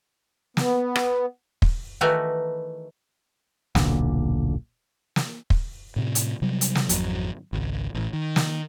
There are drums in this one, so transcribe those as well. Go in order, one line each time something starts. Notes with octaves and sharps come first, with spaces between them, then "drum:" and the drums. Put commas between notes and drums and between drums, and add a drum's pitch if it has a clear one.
B3, drum: snare
drum: rim click
drum: kick
D#3 E3 A3 F#4 A#4 B4
D#1 B1 A#2 D3, drum: snare
drum: snare
drum: kick
A2 C3
drum: hi-hat
C3 F#3 G3
drum: hi-hat
drum: snare
G#1 F2 F#3, drum: hi-hat
G#1 C#2
A1 A2
D#3
drum: snare